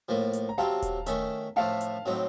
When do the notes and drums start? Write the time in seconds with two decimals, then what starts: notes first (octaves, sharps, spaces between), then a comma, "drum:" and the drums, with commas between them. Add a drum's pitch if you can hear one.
0.08 A2 F3 A#3
0.33 drum: hi-hat
0.49 A#5
0.58 C3 F#3 C4 F5 A5
0.82 drum: kick D#1, hi-hat
1.06 D#3 A3 C#4 A4, drum: hi-hat
1.56 A2 F3 A3 F5 A5
1.81 drum: hi-hat
2.06 A2 F#3 C4 D#4